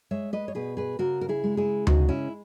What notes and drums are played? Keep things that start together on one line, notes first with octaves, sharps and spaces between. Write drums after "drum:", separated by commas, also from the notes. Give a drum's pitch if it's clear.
G#3 C#5 E5
B4 D#5
C#5
B2 G#4 B4
G#4 B4
C#3 F#4 A#4
A#4
E4 G#4
G#3
E4 G#4
C#3 D#4 F#4, drum: tom D2
C#4 E4